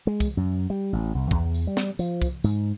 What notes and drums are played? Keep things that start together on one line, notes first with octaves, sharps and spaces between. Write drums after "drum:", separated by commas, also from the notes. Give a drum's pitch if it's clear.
G#3
drum: kick, tambourine
F#2
G3
A1
C2
E2, drum: kick
drum: tambourine
G3
drum: snare
F3, drum: tambourine
drum: kick, tambourine
G#2, drum: tambourine